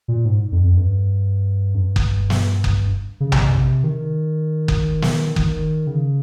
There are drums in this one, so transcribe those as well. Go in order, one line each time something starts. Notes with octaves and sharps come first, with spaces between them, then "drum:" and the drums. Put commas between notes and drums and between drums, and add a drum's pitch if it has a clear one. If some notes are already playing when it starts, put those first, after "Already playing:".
A#2
G#2
F2
F2
G2
F2
G2
drum: kick F#1
drum: snare
drum: kick F#1
C#3
C3, drum: tom A#1
D#3
drum: kick F#1
drum: snare
D#3, drum: kick F#1
C#3